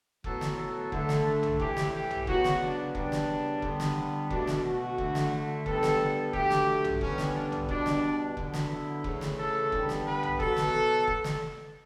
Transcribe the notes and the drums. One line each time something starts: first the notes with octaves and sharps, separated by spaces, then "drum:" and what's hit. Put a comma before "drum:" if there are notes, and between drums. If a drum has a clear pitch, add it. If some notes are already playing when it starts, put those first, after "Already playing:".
A2 F#3 B3 A4, drum: kick F1
drum: snare
A4
D3 A3, drum: kick F1
drum: snare
drum: tom A#1
A2 E3 A3 G4, drum: kick F1
drum: snare
G4
drum: tom A#1
C#3 F#3 B3 F#4, drum: kick F1
drum: snare
D4
C#3 G3 B3 D4, drum: kick F1
drum: snare
D3 G3 B3, drum: kick F1
drum: snare
B2 A3 D4, drum: kick F1
drum: snare
F#4
D3 A3, drum: kick F1
drum: snare
D3 G3 B3 A4, drum: kick F1
drum: snare
D3 F#3 A3 G4, drum: kick F1
drum: snare
drum: tom A#1
D3 G3 B3 C#4, drum: kick F1
drum: snare
D4
drum: tom A#1
B2 G3 B3 D4, drum: kick F1
drum: snare
D3 F#3 B3, drum: kick F1
drum: snare
E4
C#3 E3 A3, drum: kick F1
drum: snare
A4
D3 G3 B3, drum: kick F1
drum: snare
B4
drum: tom A#1
B2 F#3 B3 A4, drum: kick F1
drum: snare
drum: kick F1
drum: snare